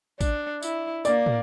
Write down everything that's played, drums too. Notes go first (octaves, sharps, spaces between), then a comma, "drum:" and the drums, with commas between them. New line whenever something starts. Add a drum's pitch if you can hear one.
D4, drum: kick, tambourine
E4, drum: tambourine
A#3 D5, drum: tambourine
drum: tom